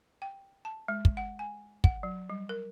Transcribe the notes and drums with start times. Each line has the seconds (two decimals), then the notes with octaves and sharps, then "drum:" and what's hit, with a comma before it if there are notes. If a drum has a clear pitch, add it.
0.22 G5
0.65 A5
0.88 G#3
1.05 drum: kick
1.17 F#5
1.39 G#5
1.84 F#5, drum: kick
2.03 F#3
2.30 G3
2.49 A#4